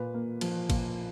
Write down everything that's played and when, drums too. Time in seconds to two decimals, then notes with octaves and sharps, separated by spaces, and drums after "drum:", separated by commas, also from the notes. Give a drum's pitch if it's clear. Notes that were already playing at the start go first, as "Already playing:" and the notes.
Already playing: A#2 B4
0.14 A#3
0.41 F3, drum: cymbal
0.70 A#2, drum: kick, cymbal